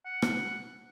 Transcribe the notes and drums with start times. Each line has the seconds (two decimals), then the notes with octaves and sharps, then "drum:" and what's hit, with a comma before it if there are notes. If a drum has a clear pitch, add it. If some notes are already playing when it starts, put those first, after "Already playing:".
0.05 F#5
0.22 drum: rim click